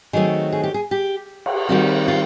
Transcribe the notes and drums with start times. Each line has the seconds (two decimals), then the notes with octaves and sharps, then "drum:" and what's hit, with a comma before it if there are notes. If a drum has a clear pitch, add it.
0.13 D#3 F#3 A3 C4 G#4
0.52 G#4
0.63 G4
0.74 G#4
0.91 G4
1.46 drum: cymbal
1.69 D#3 G3 C4 F#4
2.08 F4